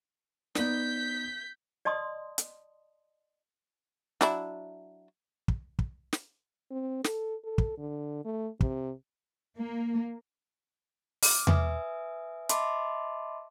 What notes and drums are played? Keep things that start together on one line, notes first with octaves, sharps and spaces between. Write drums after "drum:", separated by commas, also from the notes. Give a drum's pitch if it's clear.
B3 D#4 D5 G6 B6, drum: snare
D5 D#5 A5 C6 D#6
drum: hi-hat
F#3 D4 E4, drum: snare
drum: kick
drum: kick
drum: snare
C4
A4, drum: snare
A4
drum: kick
D3
A3
C3, drum: kick
A#3
D6 F6, drum: open hi-hat
B4 E5 G#5 D#6, drum: tom E2
D#5 E5 A5 B5 C6 D6, drum: hi-hat